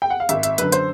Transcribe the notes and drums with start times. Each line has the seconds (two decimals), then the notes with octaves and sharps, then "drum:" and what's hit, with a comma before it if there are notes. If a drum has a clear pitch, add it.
0.02 G5
0.10 F#5
0.20 F5
0.29 G#1 E5, drum: hi-hat
0.43 E5, drum: hi-hat
0.58 F#2 D3 B4, drum: hi-hat
0.72 C5, drum: hi-hat